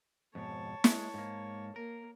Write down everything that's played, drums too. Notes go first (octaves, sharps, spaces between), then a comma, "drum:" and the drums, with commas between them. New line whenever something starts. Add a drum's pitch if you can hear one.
F2 G#2 B2 C#5 A5
G#3, drum: snare
G#2 A#3
A#3 A#4